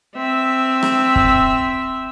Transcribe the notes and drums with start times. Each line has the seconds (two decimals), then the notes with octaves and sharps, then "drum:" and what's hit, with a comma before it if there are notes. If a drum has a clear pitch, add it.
0.16 C4 E5
0.83 drum: rim click
1.16 drum: kick